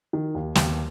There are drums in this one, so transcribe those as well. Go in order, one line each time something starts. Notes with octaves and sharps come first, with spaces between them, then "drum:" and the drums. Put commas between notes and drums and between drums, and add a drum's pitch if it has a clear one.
D#3
D#2
D#2, drum: snare